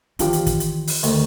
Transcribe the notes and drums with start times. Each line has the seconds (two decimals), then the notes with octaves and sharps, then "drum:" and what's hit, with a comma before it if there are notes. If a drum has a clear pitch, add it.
0.19 D#3 E3 D4 F4 G4, drum: hi-hat
0.33 drum: hi-hat
0.46 drum: kick, hi-hat
0.60 drum: hi-hat
0.87 drum: open hi-hat
1.03 D2 D#3, drum: hi-hat